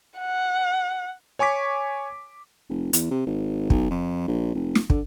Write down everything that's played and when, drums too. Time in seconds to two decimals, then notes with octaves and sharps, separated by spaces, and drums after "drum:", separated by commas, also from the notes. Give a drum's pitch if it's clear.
0.18 F#5
1.39 C#5 G#5 C#6 D6 B6
2.69 F1
2.93 E2, drum: hi-hat
3.11 C3
3.26 G#1
3.70 B1, drum: kick
3.91 F2
4.28 A#1
4.54 F1
4.75 drum: snare
4.90 D3, drum: kick